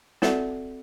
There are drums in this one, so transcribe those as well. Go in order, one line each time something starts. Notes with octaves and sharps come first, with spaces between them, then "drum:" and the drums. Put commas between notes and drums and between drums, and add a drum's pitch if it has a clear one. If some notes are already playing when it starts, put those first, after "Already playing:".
C4 F#4 A4 D5 E5 F#5, drum: snare